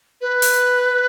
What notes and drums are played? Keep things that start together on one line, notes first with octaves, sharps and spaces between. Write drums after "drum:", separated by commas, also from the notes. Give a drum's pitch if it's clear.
B4
drum: open hi-hat